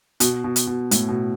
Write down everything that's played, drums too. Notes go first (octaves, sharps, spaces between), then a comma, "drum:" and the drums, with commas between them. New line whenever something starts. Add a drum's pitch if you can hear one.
B2, drum: hi-hat
B2
drum: hi-hat
B2
A2, drum: hi-hat
B2